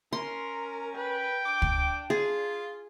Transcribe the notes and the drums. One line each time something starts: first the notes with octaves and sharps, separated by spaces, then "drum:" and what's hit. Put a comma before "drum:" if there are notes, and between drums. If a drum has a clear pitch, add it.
C#4 A#4 C6
B4 G5
D4 D6
drum: kick
F4 G#4